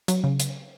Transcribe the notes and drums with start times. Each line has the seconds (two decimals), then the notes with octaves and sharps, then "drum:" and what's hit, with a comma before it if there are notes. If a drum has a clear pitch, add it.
0.08 F#3, drum: hi-hat
0.24 C#3
0.40 drum: hi-hat